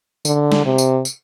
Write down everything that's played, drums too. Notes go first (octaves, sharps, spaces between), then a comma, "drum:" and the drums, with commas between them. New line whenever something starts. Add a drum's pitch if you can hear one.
D3, drum: tambourine
drum: snare
C3
drum: tambourine
drum: tambourine